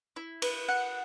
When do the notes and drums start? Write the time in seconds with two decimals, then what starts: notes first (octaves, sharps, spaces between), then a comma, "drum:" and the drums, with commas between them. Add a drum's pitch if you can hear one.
0.16 E4
0.42 B4, drum: cymbal
0.68 F#5